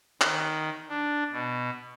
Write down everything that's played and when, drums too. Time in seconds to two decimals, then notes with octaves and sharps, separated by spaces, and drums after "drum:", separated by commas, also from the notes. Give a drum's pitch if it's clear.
0.21 D#3, drum: clap
0.89 D4
1.32 B2